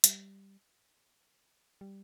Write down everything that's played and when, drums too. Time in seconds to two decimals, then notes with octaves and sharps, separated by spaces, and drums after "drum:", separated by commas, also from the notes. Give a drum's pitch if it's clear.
0.04 G3, drum: hi-hat
1.81 G3